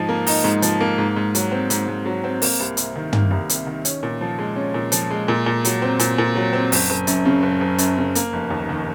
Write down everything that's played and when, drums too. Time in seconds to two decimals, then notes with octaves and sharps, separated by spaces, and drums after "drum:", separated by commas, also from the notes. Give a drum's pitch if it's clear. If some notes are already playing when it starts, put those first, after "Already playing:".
Already playing: G#2 F3 D#4
0.09 A#3
0.27 D#4, drum: open hi-hat
0.44 G#2
0.62 F3, drum: hi-hat
0.81 A#3
0.98 G#2
1.16 G#2
1.35 F#3, drum: hi-hat
1.51 C4
1.70 G#2, drum: hi-hat
1.88 G#2
2.06 F#3
2.24 C4
2.42 A#3, drum: open hi-hat
2.60 C2
2.77 C3, drum: hi-hat
2.96 D#3
3.13 A#3, drum: tom
3.31 C2
3.49 C3, drum: hi-hat
3.66 D#3
3.85 C#4, drum: hi-hat
4.03 A#2
4.21 F3
4.39 G#3
4.56 C#4
4.74 A#2
4.92 F3, drum: hi-hat
5.11 G#3
5.28 A#2
5.46 A#2
5.65 F#3, drum: hi-hat
5.82 C4
5.99 A#2, drum: hi-hat
6.18 A#2
6.35 F#3
6.53 C4
6.72 F#1, drum: open hi-hat
6.90 F#1
7.07 F#2, drum: hi-hat
7.25 C#3
7.43 F#1
7.61 F#1
7.78 F#2, drum: hi-hat
7.97 C#3
8.15 A#3, drum: hi-hat
8.33 F1
8.50 D#2
8.69 D#3